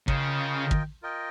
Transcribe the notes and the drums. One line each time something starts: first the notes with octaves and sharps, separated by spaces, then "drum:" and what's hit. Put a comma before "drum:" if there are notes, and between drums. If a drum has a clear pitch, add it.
C#3 F4 A#4 D#5 G5, drum: kick
drum: kick
F4 A#4 D#5 G5